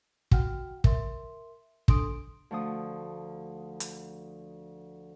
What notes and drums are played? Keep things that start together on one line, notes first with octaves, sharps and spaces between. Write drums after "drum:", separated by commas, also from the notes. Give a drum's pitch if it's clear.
F#4 F#5 G5 F6, drum: kick
A#4 E5 C6, drum: kick
D4 A4 C6 D#6 D7, drum: kick
D2 F3 D#6
drum: hi-hat